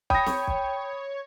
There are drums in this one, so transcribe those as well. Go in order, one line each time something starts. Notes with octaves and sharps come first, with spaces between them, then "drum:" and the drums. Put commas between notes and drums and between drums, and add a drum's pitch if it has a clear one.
C#5 G5 B5 D#6 A#6, drum: kick
drum: snare C4
drum: kick